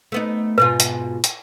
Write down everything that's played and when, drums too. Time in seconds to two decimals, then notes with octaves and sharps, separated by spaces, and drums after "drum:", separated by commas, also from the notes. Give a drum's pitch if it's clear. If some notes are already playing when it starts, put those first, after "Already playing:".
0.12 A3 B3 D#4
0.58 G#2 B2 F4 B4
0.80 drum: hi-hat
1.24 drum: hi-hat